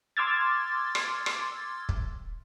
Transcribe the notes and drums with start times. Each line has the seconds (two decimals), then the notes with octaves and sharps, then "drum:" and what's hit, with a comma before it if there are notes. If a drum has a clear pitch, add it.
0.17 C6 D6 E6 F6 G#6 A6
0.95 drum: rim click
1.26 drum: rim click
1.89 drum: kick